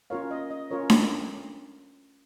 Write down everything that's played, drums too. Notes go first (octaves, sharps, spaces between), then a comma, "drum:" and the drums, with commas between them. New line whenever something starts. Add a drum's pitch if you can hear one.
C#4 F4 A#4 C#5 F5
D#5
D#5
C#4 F4 A#4 C#5
drum: snare D4